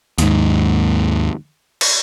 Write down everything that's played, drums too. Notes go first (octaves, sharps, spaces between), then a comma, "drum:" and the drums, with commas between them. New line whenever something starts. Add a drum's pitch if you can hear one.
D#2 G#2, drum: hi-hat
drum: cymbal